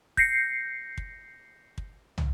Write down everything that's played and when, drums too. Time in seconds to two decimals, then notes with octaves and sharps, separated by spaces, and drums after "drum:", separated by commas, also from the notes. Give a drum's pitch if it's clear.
0.17 G6 A#6 C7 C#7, drum: kick
0.97 drum: kick
1.78 drum: kick
2.18 drum: tom